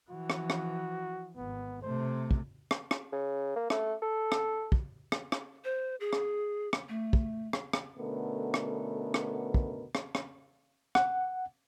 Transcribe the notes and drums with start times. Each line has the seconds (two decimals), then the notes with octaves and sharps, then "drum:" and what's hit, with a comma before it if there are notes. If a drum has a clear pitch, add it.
0.10 E3 F3 F#4
0.30 drum: rim click
0.50 drum: rim click
1.37 G#1 B3
1.82 C3 A3 C5
2.31 drum: kick
2.71 drum: rim click
2.91 drum: rim click
3.12 C#3
3.56 A#3
3.70 A3, drum: rim click
4.02 A4
4.32 drum: rim click
4.72 drum: kick
5.12 drum: rim click
5.32 drum: rim click
5.64 C5
6.00 G#4
6.13 drum: rim click
6.73 drum: rim click
6.89 A3
7.13 drum: kick
7.53 drum: rim click
7.73 drum: rim click
7.98 B2 D3 A3 B3 C#4 A#4
8.54 drum: rim click
9.14 drum: rim click
9.54 drum: kick
9.95 drum: rim click
10.15 drum: rim click
10.95 F#5, drum: rim click